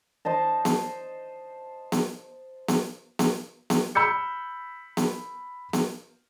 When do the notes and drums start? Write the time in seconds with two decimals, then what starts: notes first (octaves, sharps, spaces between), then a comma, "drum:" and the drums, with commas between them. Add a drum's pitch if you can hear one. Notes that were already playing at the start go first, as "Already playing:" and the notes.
0.25 C5 D#5 A5
0.65 drum: snare B3
1.92 drum: snare B3
2.68 drum: snare B3
3.19 drum: snare B3
3.70 drum: snare B3
3.95 B5 E6 G6 C#7
4.97 drum: snare B3
5.73 drum: snare B3